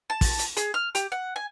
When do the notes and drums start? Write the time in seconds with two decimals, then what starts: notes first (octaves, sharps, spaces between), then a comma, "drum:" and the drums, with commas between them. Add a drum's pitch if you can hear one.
0.10 A5
0.21 drum: kick, open hi-hat
0.39 drum: hi-hat
0.57 G#4, drum: hi-hat
0.74 F6
0.95 G4, drum: hi-hat
1.12 F#5
1.36 G#5